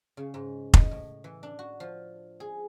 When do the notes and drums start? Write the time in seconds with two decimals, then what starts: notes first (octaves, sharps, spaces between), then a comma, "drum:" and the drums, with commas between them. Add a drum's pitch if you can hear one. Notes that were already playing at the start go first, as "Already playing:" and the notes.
0.17 C#3
0.34 G#2
0.74 D#5, drum: kick F1
0.91 A2
1.24 E3
1.43 D4
1.59 F#4
1.80 F3
2.40 G#4